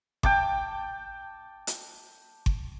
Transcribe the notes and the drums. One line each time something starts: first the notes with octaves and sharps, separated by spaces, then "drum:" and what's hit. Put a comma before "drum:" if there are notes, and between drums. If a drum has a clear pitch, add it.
G5 A5 D6, drum: kick G1
drum: hi-hat
drum: kick G1